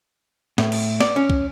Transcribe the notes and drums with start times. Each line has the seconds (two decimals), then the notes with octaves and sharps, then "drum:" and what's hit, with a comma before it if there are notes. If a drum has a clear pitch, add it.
0.58 A2, drum: snare
0.72 drum: cymbal
1.01 D5, drum: snare
1.16 C#4
1.30 drum: kick